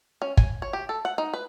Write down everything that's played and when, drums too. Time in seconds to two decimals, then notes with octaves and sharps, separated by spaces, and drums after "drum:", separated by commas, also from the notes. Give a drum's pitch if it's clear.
0.22 C#4
0.37 G#5, drum: kick
0.62 C#5
0.73 G4
0.89 A4
1.05 F#5
1.18 D#4
1.34 B4